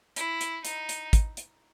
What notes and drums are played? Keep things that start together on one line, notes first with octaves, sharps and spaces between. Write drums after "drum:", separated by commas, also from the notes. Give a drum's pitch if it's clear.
E4, drum: hi-hat
drum: hi-hat
D#4, drum: hi-hat
drum: hi-hat
drum: kick, hi-hat
drum: hi-hat